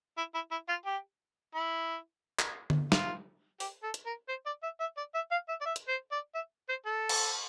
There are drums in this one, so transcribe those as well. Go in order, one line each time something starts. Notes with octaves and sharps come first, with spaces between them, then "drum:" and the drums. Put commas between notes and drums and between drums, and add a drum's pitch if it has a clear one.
E4
E4
E4
F4
G4
E4
drum: clap
drum: tom D3
F4, drum: snare
G4, drum: open hi-hat
A4
drum: hi-hat
A#4
C5
D5
E5
E5
D5
E5
F5
E5
D5
E5
drum: hi-hat
C5
D5
E5
C5
A4
drum: cymbal